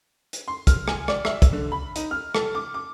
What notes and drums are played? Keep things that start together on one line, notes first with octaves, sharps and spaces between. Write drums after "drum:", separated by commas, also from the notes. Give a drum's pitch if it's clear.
drum: hi-hat
C6
F6, drum: kick, hi-hat
G#5, drum: rim click
D5, drum: rim click
E5, drum: rim click
drum: kick, hi-hat
D3
B5
D#4, drum: hi-hat
F6
A4, drum: rim click
D6
D6